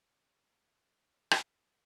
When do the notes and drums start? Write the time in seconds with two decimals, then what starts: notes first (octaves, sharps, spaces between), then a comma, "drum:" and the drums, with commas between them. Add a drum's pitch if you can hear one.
0.07 A#3 D#4 F4 G#4 A#4
1.31 drum: rim click